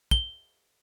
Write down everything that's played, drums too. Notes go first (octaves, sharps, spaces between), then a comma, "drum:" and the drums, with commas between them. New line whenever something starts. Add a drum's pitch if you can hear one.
G7, drum: kick